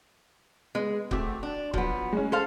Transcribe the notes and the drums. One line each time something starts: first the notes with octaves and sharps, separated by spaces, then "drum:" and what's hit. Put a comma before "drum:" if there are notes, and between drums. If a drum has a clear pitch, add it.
G#3 B3
A3 C4 F#4 D6, drum: kick C#1
D4
F3 F#3 B3, drum: kick C#1
G#3 C#4
A4 C5 F5